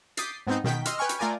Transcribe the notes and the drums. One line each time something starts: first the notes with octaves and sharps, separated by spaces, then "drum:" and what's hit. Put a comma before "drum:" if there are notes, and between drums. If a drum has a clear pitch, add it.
D6 D#6 G6 A6 B6 C7, drum: hi-hat
G#2 B3 C4 D#4
B2 D#3 G5 B6, drum: snare
D#5 C6 E6 F6, drum: hi-hat
B4 C#5 G5 G#5 C#6 F6
drum: hi-hat
A3 F4 A#4 D5 G#5